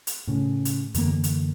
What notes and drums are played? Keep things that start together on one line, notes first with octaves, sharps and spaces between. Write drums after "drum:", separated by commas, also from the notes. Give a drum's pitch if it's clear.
drum: hi-hat
A2 C#3
drum: hi-hat
F#2 D3 E3 A#3, drum: hi-hat
drum: hi-hat